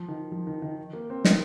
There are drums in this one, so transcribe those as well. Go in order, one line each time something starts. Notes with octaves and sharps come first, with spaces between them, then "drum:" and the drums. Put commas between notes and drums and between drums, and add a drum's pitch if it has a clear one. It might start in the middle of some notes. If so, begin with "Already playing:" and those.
Already playing: F3
D#3
F3
D#3
D#3
A#3
C4
D#4, drum: snare